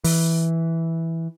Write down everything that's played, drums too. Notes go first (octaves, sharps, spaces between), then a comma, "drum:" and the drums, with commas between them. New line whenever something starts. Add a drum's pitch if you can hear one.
E3, drum: open hi-hat